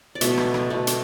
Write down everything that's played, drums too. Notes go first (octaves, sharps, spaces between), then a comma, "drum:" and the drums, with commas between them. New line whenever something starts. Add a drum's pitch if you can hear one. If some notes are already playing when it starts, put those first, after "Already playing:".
D5
B2 A3 E5, drum: hi-hat
drum: rim click
drum: rim click
B2 A3
drum: hi-hat